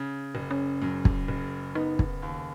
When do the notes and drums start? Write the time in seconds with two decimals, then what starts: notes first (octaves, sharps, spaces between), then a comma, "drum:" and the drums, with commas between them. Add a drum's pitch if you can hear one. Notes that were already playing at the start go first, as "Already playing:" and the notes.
Already playing: C#3
0.35 F#1
0.51 C#4
0.82 F#2
1.05 drum: kick
1.28 F#1
1.75 B3 D#4
1.99 drum: kick
2.23 D#2